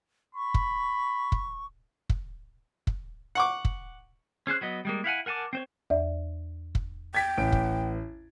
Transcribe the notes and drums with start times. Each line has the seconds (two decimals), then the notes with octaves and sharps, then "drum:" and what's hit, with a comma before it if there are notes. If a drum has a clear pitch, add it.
0.35 B5 C#6
0.54 drum: kick
1.32 drum: kick
2.09 drum: kick
2.87 drum: kick
3.35 F#5 C#6 D6
3.65 drum: kick
4.47 C#4 G#4 C5 F#6
4.61 F#3 B3 D#5
4.85 G3 G#3 A#3
5.04 E4 F5 F#5 G#5
5.26 A#4 F#5 G#5 A5 D6
5.53 C4 C5 C#5
5.90 E2 D5 E5
6.75 drum: kick
7.15 G5 G#6 A6 B6
7.38 A1 D7
7.52 drum: kick